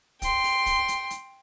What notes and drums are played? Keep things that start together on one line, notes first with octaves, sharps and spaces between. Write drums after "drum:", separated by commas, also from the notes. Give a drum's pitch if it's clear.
G5 C6, drum: kick, hi-hat
drum: open hi-hat
drum: kick, hi-hat
drum: hi-hat
drum: hi-hat